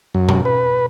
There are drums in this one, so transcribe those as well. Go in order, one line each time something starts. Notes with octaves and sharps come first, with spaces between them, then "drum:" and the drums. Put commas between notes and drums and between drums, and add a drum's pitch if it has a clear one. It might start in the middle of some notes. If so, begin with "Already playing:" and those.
F#2
drum: tom B2
B4